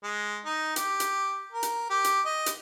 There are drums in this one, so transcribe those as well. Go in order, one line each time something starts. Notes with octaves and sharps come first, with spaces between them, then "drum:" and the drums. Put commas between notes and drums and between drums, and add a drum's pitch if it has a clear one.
G#3
D#4
G4, drum: hi-hat
drum: hi-hat
A#4
drum: hi-hat
G4
drum: hi-hat
D#5
drum: hi-hat